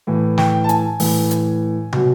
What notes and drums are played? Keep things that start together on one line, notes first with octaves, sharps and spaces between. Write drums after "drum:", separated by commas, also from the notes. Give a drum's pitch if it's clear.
A2 E3
G5, drum: snare
A5
G#5, drum: hi-hat
A2 E3, drum: open hi-hat
drum: hi-hat
B2 F#3, drum: tom